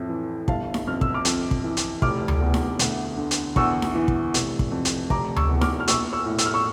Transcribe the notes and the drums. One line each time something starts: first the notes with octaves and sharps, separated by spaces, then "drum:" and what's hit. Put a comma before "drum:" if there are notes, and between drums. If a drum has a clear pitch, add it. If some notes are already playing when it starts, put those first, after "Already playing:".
Already playing: F2 A2
E3
G1 F5 A5, drum: kick
drum: snare D#4
F2 F6
E6, drum: kick
D6 F6
F2, drum: hi-hat
drum: kick
E3
drum: hi-hat
F1 D6 F6, drum: kick
drum: tom D2
E2
drum: snare D#4
D2, drum: hi-hat
D3
drum: hi-hat
E2 C#6 E6, drum: kick
drum: snare D#4
E3
drum: kick
F1, drum: hi-hat
drum: kick
F2
drum: hi-hat
F1 A#5 D6, drum: kick
C#6 E6, drum: tom D2
E2
D6 F6, drum: snare D#4
F6
A#1 C#6 E6, drum: hi-hat
C#6 E6
A2
E6, drum: hi-hat
F6
C#6 E6